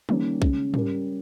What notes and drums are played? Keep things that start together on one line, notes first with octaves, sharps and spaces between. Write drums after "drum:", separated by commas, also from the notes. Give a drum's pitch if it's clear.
D#3 G3 A#3 C#4, drum: tom
C#3 G#3 C#4, drum: kick B1
G3 C#4 G4 A#4, drum: tom G#2